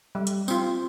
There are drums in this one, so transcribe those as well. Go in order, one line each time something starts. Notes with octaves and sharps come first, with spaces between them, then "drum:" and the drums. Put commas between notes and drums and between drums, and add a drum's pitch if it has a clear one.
G3
drum: hi-hat
C4 F4, drum: tambourine